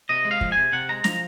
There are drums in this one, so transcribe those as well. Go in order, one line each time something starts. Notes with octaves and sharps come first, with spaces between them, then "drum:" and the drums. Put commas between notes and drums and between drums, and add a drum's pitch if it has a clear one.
C3 D#5
G#3
F5
F3, drum: kick
G#5
C3
C3 F#5
G#3 A#5
F3 A#5, drum: snare